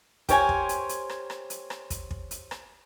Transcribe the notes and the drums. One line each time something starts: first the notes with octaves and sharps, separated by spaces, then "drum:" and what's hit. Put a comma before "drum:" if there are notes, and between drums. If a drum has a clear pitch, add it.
G4 A#4 C5 C#5 E5 G#5, drum: kick, hi-hat
drum: kick
drum: hi-hat
drum: hi-hat
drum: rim click
drum: rim click
drum: hi-hat
drum: rim click
drum: kick, hi-hat
drum: kick
drum: hi-hat
drum: rim click